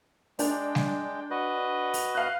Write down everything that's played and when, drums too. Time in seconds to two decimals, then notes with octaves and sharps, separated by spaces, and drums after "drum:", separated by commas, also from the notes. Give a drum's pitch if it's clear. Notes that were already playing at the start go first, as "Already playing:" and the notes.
0.39 G#3 D4 G5, drum: open hi-hat
0.75 drum: snare G3
1.31 F#4 B4 D#5
1.94 drum: open hi-hat
2.15 F5 F#6